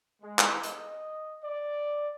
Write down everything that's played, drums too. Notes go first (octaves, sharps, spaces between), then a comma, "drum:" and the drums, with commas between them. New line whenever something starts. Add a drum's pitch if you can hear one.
G#3
drum: clap
D#5, drum: hi-hat
D5